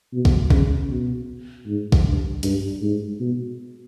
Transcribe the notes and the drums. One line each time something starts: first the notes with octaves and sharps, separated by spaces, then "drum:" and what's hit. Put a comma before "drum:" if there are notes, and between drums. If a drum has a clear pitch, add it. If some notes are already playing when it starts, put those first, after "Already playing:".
B2
drum: kick A#1
C#3, drum: kick A#1
B2
G#2
drum: kick A#1
G2
G2, drum: hi-hat
G#2
B2